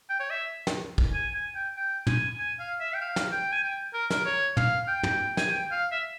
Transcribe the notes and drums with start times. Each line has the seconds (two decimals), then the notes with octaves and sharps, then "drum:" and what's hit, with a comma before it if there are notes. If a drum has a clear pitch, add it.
0.10 G5
0.20 C#5
0.30 E5
0.67 drum: snare
0.98 drum: kick
1.14 G#5
1.35 G#5
1.55 G5
1.76 G5
2.07 G#5, drum: tom
2.38 G#5
2.59 F5
2.80 E5
2.94 G5
3.01 F5
3.16 drum: snare
3.32 G5
3.52 G#5
3.63 G5
3.94 A#4
4.10 A#4, drum: snare
4.26 C#5
4.57 F5, drum: tom
4.88 G5
5.03 drum: tom
5.37 G#5, drum: snare
5.50 G5
5.71 F5
5.92 E5